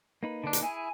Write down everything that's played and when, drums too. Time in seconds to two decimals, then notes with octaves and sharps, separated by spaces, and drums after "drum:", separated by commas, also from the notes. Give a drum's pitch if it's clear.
0.23 A#3 D#4 B4
0.44 D3 D4
0.53 drum: hi-hat
0.63 E4 G#4 G#5